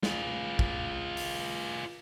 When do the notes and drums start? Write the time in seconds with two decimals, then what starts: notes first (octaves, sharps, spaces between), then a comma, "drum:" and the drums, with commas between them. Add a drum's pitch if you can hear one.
0.03 F4 G#4, drum: snare
0.59 drum: kick
1.17 drum: open hi-hat